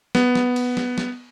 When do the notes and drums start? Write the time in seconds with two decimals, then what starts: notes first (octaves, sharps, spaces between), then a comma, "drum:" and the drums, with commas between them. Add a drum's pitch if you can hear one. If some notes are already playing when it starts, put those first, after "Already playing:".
0.15 B3, drum: snare
0.35 drum: snare
0.56 drum: cymbal
0.77 drum: snare
0.98 drum: snare